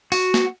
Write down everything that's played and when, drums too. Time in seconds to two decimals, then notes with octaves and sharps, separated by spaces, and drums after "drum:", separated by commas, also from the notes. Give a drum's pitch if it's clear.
0.12 F#4, drum: open hi-hat
0.34 drum: snare A#3